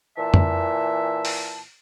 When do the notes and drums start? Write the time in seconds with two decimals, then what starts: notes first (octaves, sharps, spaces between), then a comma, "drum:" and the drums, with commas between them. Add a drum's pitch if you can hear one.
0.18 A#2 E3 E5 A5
0.34 drum: tom
1.25 drum: open hi-hat